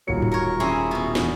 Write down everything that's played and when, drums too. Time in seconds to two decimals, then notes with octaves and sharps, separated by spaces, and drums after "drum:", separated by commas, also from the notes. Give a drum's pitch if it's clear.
0.08 D#1 F#3 A#3 C#7
0.22 drum: tom G#2
0.32 A#4 C#5
0.60 C4 C#4 E4 G#4
0.91 B2 C#4
1.15 E2, drum: snare